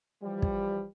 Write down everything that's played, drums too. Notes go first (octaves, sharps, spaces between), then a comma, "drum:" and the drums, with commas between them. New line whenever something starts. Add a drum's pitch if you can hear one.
E3 F3 G3
drum: kick